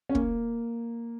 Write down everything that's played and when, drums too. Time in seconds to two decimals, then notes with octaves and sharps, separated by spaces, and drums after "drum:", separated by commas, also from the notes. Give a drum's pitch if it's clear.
0.09 C#4
0.15 A#3, drum: kick